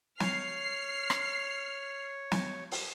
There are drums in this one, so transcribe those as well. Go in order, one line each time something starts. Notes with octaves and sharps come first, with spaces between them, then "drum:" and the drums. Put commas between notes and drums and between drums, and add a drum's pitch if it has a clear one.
C#5 F6 C7, drum: snare
drum: rim click
drum: snare
drum: open hi-hat